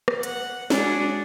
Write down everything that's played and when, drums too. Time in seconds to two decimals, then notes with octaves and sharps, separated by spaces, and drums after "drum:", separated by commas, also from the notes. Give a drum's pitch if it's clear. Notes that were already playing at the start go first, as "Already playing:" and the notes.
0.08 drum: rim click
0.23 F#5, drum: hi-hat
0.70 G#3 D4 F#4 G#4 C#5, drum: snare